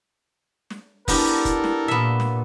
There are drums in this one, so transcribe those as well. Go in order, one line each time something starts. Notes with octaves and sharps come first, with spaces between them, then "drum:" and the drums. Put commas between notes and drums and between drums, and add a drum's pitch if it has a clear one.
drum: snare
B3 D4 E4 G4 A4 A#4, drum: kick F1, open hi-hat
drum: kick F1, hi-hat
drum: snare
A#2 B3 E5
drum: snare